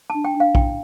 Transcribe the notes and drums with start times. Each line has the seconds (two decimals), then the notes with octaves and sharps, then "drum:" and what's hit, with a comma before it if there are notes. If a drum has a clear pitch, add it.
0.10 D4 A5
0.25 G5
0.35 D4
0.40 F5
0.55 E4 G5, drum: kick A#1